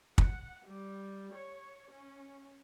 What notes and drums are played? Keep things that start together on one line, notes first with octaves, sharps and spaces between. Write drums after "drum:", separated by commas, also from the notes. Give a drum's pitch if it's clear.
F#5, drum: kick
G3
C#5
C#4